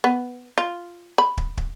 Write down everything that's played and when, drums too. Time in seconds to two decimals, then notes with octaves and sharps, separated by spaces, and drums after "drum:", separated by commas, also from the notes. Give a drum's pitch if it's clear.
0.04 B3
0.58 F4
1.18 B5
1.37 drum: kick
1.57 drum: kick